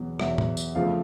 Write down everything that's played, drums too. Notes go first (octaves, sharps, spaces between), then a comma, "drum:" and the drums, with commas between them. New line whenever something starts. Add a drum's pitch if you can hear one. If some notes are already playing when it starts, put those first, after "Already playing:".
Already playing: E2 B2 F#3
E2 B2 F#3 E5, drum: rim click
drum: tom A2
drum: tambourine
F2 C#3 F3 A3 F5